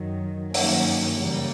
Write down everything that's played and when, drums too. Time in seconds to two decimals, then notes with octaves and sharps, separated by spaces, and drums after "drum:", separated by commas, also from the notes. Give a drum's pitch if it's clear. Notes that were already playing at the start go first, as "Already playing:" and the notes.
Already playing: F#2 D#3 F#3
0.54 G2 D#3 F#3 A#3 C#4, drum: open hi-hat
1.19 F#2 C#3 E3 G3 A#3